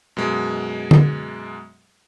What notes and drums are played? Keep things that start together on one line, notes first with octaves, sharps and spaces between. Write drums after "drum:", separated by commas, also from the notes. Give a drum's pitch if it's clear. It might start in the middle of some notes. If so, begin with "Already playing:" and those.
F#2 B2 G#3
drum: tom D3